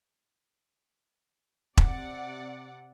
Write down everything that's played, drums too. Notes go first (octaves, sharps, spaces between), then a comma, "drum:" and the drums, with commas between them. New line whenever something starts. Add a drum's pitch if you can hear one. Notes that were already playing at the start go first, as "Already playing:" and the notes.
C3 D5 F#5, drum: kick E1